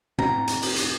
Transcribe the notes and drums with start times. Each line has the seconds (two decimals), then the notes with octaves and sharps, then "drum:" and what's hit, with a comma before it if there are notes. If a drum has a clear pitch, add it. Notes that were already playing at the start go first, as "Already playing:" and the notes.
0.19 F1 A2 C4 A#5, drum: tom
0.47 drum: hi-hat
0.62 drum: open hi-hat
0.76 drum: hi-hat